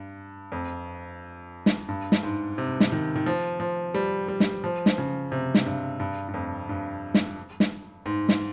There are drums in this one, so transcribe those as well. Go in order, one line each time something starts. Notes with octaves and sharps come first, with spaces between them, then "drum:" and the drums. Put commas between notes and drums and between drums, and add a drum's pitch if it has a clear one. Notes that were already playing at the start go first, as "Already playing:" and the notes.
Already playing: G2
F2
drum: snare
G2
drum: snare
G#2
C3
drum: snare
D#3
D#3
F3
F3
G3
G3
drum: snare
F3
drum: snare
C#3
C3
drum: snare
G2
G2
G2
F2
G2
drum: snare
drum: snare
G#2
drum: snare